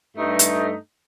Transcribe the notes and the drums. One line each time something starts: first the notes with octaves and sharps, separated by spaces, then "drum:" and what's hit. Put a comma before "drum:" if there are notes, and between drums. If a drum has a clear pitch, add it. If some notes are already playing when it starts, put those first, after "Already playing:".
G2 A3 D#4
drum: hi-hat